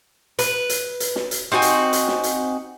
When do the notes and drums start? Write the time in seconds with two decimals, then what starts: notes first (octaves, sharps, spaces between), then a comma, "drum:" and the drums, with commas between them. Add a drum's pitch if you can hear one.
0.39 B4, drum: hi-hat
0.69 drum: hi-hat
1.00 drum: hi-hat
1.16 drum: snare
1.31 drum: hi-hat
1.52 C4 D#4 F#4 G#5
1.62 drum: hi-hat
1.93 drum: hi-hat
2.08 drum: snare
2.24 drum: hi-hat